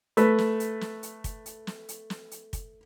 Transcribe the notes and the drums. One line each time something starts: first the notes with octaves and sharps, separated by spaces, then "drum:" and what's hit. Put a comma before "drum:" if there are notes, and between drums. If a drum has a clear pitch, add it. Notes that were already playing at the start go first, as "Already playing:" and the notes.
A3 B4, drum: hi-hat
drum: snare
drum: hi-hat
drum: snare
drum: hi-hat
drum: kick, hi-hat
drum: hi-hat
drum: snare
drum: hi-hat
drum: snare
drum: hi-hat
drum: kick, hi-hat